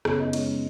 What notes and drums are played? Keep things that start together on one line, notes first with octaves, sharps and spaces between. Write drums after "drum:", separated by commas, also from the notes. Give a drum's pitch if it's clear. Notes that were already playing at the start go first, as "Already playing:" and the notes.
F#2 C#3 B3 C#4, drum: rim click
D#4
G#3 C#4, drum: cymbal